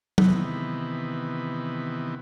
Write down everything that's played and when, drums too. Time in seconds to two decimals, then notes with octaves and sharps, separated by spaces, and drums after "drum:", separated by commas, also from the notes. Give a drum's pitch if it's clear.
0.18 C3 D#3 E3 B3, drum: tom